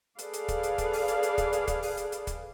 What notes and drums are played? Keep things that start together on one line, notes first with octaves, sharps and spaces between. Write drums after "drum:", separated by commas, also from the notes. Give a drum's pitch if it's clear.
G#4 A4 B4 D5 F5, drum: hi-hat
drum: hi-hat
drum: kick, hi-hat
drum: hi-hat
drum: kick, hi-hat
drum: open hi-hat
drum: hi-hat
drum: hi-hat
drum: kick, hi-hat
drum: hi-hat
drum: kick, hi-hat
drum: open hi-hat
drum: hi-hat
drum: hi-hat
drum: kick, hi-hat